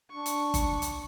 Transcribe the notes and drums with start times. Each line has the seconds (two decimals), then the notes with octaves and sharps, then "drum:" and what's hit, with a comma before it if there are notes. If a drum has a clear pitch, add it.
0.12 D4 C#6
0.26 drum: hi-hat
0.54 drum: kick G1, hi-hat
0.82 drum: hi-hat